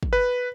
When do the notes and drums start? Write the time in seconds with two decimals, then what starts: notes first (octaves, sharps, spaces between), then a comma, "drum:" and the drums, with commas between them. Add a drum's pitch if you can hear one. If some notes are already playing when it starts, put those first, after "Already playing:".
0.03 drum: kick
0.13 B4